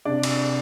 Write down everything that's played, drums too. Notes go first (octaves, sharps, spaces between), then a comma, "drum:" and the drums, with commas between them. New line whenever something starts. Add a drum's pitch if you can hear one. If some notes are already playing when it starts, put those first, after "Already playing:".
C3 D4 D5
drum: cymbal